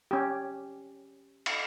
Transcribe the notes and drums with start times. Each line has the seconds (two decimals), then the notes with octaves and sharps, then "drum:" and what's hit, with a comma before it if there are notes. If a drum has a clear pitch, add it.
0.11 C#4 G4
1.46 drum: cymbal